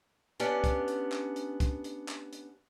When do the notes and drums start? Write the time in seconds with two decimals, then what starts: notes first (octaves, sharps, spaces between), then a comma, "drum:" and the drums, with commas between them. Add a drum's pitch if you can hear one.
0.40 B3 C#4 D4 G4, drum: hi-hat
0.64 drum: kick, hi-hat
0.88 drum: hi-hat
1.12 drum: clap
1.36 drum: hi-hat
1.60 drum: kick, hi-hat
1.84 drum: hi-hat
2.08 drum: clap
2.33 drum: hi-hat